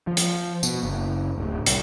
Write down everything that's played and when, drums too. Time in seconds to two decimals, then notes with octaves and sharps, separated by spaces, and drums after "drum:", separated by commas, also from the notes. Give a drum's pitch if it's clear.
0.07 F3
0.17 drum: hi-hat
0.63 B2, drum: tambourine
0.83 F#1
1.38 D1
1.66 C2, drum: hi-hat